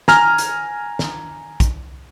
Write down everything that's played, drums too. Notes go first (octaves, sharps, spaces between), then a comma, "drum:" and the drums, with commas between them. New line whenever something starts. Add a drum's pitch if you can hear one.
G#5 A#5 F6, drum: snare
drum: hi-hat
drum: snare
drum: kick, hi-hat